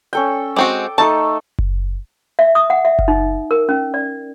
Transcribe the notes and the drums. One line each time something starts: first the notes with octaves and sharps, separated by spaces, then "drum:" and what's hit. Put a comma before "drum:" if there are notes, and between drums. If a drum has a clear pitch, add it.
C#4 A4 G5
G#3 C4 F#4 D6
A3 D#4 A4 A5
drum: kick F#1
E5
D#6
F#5
E5
drum: kick F#1
D#4
A#4
C#4
D5